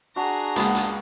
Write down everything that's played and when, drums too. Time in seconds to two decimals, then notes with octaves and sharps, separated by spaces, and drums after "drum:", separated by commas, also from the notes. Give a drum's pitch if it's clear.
0.16 D4 F#4 G#4 A#5
0.56 C#2 G#3 A#3 B3, drum: hi-hat
0.75 drum: hi-hat